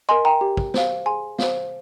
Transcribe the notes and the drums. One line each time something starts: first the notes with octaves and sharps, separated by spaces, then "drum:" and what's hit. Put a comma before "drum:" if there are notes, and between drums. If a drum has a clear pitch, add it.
A#4 D#5 G#5 C6
G5 A#5
G4
drum: kick
C5 F5, drum: snare
G#4 G#5 C6
C5 F5, drum: snare